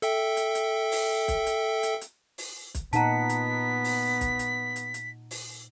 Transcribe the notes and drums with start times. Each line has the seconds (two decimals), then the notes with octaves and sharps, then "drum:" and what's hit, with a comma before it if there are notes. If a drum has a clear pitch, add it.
0.02 A4 E5 G5, drum: hi-hat
0.37 drum: hi-hat
0.55 drum: hi-hat
0.92 drum: open hi-hat
1.28 drum: kick, hi-hat
1.46 drum: hi-hat
1.83 drum: hi-hat
2.01 drum: hi-hat
2.38 drum: open hi-hat
2.75 drum: kick, hi-hat
2.93 A#2 B3 D#4 F#5 A5 A#5 B6, drum: hi-hat
3.29 drum: hi-hat
3.84 drum: open hi-hat
4.21 drum: kick, hi-hat
4.39 drum: hi-hat
4.76 drum: hi-hat
4.94 drum: hi-hat
5.31 drum: open hi-hat